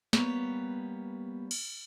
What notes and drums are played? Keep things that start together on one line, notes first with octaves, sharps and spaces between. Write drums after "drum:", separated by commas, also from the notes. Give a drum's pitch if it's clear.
G3 A#3 B3 B4 C#5, drum: snare
drum: cymbal